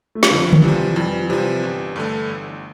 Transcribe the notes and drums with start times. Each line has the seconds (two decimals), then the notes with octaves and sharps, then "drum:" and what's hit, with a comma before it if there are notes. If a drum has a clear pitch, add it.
0.15 A3
0.23 G3, drum: snare
0.30 F2 D3 F3
0.53 drum: tom D3
0.63 C3 E3 F3 G3
0.96 F2 E3 G3
1.19 F3
1.29 C3 E3 F3 G3
1.63 G1
1.96 G2 D3 A3
2.29 G1